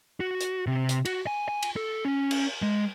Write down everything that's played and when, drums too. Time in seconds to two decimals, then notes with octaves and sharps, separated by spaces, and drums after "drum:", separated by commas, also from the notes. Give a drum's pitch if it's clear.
0.20 F#4
0.41 drum: hi-hat
0.67 C3
0.89 drum: hi-hat
1.05 F#4, drum: cymbal
1.27 G#5
1.48 G#5
1.63 drum: cymbal
1.76 A4
2.05 C#4
2.31 drum: cymbal
2.62 G#3